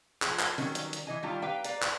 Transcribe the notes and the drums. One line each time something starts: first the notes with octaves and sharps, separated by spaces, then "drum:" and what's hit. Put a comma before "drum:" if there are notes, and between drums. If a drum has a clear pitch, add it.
F3 G#4, drum: clap
drum: clap
D#3 F#3 G3 C#4 A#4, drum: open hi-hat
drum: hi-hat
drum: hi-hat
E3 D#5 G#5
D#3 G3 D4 F4 A#5
G4 B4 F5 G5 A#5
B4 D5 F5 A#5, drum: hi-hat
drum: clap